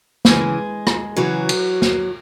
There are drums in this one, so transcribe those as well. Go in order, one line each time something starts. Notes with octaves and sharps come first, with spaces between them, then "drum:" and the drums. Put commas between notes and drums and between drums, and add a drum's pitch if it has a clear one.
C#3 E3 G#3 G#4, drum: snare
drum: rim click
C#3 E3 F#3 F#4
drum: cymbal
drum: snare